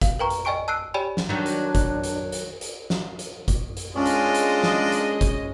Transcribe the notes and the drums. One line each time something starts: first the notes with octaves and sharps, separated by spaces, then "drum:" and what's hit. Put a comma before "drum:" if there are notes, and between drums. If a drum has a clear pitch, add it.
F5, drum: kick, hi-hat
A#4 B4 G5 A#5 C#6
drum: hi-hat
D5 D#5 G5 G#5 C#6 D7
A5 E6 F#6 C7 D7
G4 C#5 D5 G5 G#5 B5
drum: snare
D#3 F#3 D4
drum: hi-hat
drum: kick, hi-hat
drum: hi-hat
drum: hi-hat
drum: hi-hat
drum: snare
drum: hi-hat
drum: kick, hi-hat
drum: hi-hat
G#3 C#4 D4 F4 D#5
drum: hi-hat
drum: hi-hat
drum: snare
drum: hi-hat
drum: kick, hi-hat